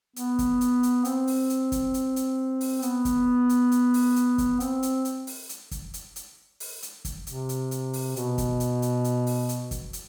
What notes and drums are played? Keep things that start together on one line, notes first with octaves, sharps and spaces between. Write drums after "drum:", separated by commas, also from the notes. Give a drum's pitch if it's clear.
B3, drum: hi-hat
drum: kick, hi-hat
drum: hi-hat
drum: hi-hat
C4, drum: hi-hat
drum: open hi-hat
drum: hi-hat
drum: kick, hi-hat
drum: hi-hat
drum: hi-hat
drum: open hi-hat
B3, drum: hi-hat
drum: kick, hi-hat
drum: hi-hat
drum: hi-hat
drum: open hi-hat
drum: hi-hat
drum: kick, hi-hat
C4, drum: hi-hat
drum: hi-hat
drum: hi-hat
drum: open hi-hat
drum: hi-hat
drum: kick, hi-hat
drum: hi-hat
drum: hi-hat
drum: open hi-hat
drum: hi-hat
drum: kick, hi-hat
C3, drum: hi-hat
drum: hi-hat
drum: hi-hat
drum: open hi-hat
B2, drum: hi-hat
drum: kick, hi-hat
drum: hi-hat
drum: hi-hat
drum: hi-hat
drum: open hi-hat
drum: hi-hat
drum: kick, hi-hat
drum: hi-hat